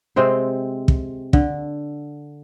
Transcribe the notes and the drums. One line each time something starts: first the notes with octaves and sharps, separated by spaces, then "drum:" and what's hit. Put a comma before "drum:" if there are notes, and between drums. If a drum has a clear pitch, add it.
C3 G#3 C4 C5
drum: kick
D3, drum: kick